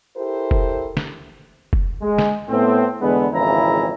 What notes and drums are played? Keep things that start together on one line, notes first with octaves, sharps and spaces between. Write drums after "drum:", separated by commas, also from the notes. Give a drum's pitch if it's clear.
E4 G4 A4 A#4 C5
drum: kick
drum: snare
drum: kick
G#3
drum: snare
A2 B3 C4
E2 D3 G#3 B3
G#1 F2 C#3 E3 E4 A#5